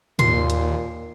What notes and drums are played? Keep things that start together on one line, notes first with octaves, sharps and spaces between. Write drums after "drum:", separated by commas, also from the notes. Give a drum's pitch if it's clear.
D#2 A#2 C6, drum: tom
drum: hi-hat